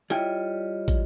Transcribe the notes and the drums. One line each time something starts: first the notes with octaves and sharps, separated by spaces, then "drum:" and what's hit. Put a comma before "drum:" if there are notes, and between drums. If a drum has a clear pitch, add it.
G3 E4 F4 C#5 D#5 G5, drum: hi-hat
drum: kick, hi-hat